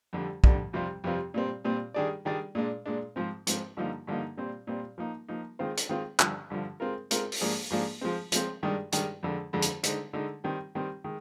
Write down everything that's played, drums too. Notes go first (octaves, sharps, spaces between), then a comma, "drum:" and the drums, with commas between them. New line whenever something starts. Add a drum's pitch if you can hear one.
F2 D3 G3
F2 D3 G3, drum: kick
F2 C3 G3 C4 F4
F2 C3 G3 C4 F4
A#2 G3 C4
A#2 G3 C4
D#3 G3 D4 G#4 D5
D#3 G3 D4 G#4 D5
A#2 G#3 D4
A#2 G#3 D4
G#2 F3 C4
G#2 F3 C4, drum: hi-hat
G2 D3 F3 A#3 D#4
G2 D3 F3 A#3 D#4
A#2 G3 C4
A#2 G3 C4
F3 A#3 D#4
F3 A#3 D#4
D#3 G#3 C4 F4 C5
drum: hi-hat
D#3 G#3 C4 F4 C5
G2 D3 F3, drum: clap
G2 D3 F3
G#3 C4 F4 A#4
G#3 C4 F4 A#4, drum: hi-hat
drum: open hi-hat
G#2 F3 A#3 D4 G#4
G#2 F3 A#3 D4 G#4
F3 G#3 C4
F3 G#3 C4, drum: hi-hat
G2 D#3 G#3 D4
G2 D#3 G#3 D4, drum: hi-hat
F2 D3 G#3
F2 D3 G#3
drum: hi-hat
D3 G#3 D#4, drum: hi-hat
D3 G#3 D#4
D#3 G3 C4
D#3 G3 C4
D#3 G#3